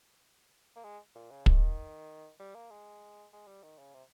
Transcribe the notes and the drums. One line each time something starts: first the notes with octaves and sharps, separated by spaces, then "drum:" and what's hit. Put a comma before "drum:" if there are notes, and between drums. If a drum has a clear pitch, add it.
A#3
G#3
A#2
C#3
D#3, drum: kick
G3
A#3
G#3
G#3
G3
D#3
C#3
C3